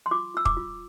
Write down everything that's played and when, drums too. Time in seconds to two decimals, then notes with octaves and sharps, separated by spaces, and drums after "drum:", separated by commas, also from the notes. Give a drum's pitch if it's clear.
0.06 C6
0.11 F4 D6
0.34 F4 E6
0.45 D6, drum: kick
0.57 F4